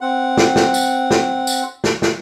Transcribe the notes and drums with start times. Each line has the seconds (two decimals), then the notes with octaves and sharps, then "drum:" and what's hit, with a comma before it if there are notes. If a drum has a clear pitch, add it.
0.01 C4 F#5
0.37 drum: snare
0.56 drum: snare
0.74 drum: tambourine
1.11 drum: snare
1.47 drum: tambourine
1.84 drum: snare
2.02 drum: snare